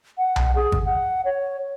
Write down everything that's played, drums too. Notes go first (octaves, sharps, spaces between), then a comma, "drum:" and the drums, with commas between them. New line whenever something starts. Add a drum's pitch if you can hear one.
F#5
drum: tom B1
G#4
drum: kick G#1
F#5
C#5